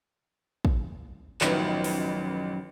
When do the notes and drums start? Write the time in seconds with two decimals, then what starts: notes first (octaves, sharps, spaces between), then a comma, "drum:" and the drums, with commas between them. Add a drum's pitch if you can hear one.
0.65 drum: kick
1.41 A1 F#2 D#3 F3 B4, drum: clap
1.84 drum: open hi-hat